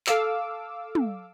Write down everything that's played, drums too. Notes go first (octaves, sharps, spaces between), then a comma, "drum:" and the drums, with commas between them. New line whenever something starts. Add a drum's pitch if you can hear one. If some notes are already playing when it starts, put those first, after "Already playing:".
A4 F5 D6 E6, drum: clap
drum: tom